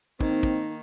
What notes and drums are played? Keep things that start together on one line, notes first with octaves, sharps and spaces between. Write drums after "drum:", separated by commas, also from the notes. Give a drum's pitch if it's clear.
D#3 A#3 C4 D#4, drum: kick
drum: kick